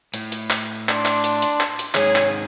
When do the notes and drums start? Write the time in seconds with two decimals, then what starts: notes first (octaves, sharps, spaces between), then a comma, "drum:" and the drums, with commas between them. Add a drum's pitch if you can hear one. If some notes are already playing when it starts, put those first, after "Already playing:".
0.14 A2, drum: hi-hat
0.32 drum: hi-hat
0.50 drum: clap
0.89 D4 C6, drum: clap
1.06 drum: clap
1.24 drum: hi-hat
1.42 drum: hi-hat
1.61 drum: clap
1.79 drum: hi-hat
1.95 D#2 G#2 G#4 C#5 G#5, drum: clap
2.16 drum: clap